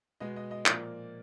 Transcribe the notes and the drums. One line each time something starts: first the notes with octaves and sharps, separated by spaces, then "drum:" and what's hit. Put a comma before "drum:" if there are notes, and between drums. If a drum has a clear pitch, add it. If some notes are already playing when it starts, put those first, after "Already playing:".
B2 G#3 B3 D#5
D#5
D#5
A#2 F3 A#3 D5, drum: clap